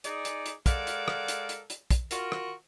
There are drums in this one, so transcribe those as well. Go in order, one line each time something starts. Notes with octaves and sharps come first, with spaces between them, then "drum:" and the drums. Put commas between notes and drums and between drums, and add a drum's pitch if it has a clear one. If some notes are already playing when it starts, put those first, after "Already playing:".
D#4 G#4 D5, drum: hi-hat
drum: hi-hat
drum: hi-hat
G#3 A4 A#4 D5 F5 F#5, drum: kick, hi-hat
drum: hi-hat
drum: rim click
drum: hi-hat
drum: hi-hat
drum: hi-hat
drum: kick, hi-hat
F4 F#4 A#4, drum: hi-hat
drum: rim click